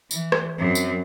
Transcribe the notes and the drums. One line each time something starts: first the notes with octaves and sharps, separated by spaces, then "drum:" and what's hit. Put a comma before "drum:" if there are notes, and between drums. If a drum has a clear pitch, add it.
E3, drum: tambourine
drum: rim click
F#2 C4
drum: tambourine